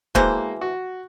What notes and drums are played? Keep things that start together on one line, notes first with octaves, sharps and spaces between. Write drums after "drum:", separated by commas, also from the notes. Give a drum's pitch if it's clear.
B2 E3 G#3 A#3 C5, drum: kick
F#4